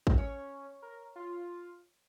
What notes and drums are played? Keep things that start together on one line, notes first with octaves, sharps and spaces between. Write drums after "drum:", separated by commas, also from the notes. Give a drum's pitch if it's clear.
drum: kick
C#4 C#5
A#4
F4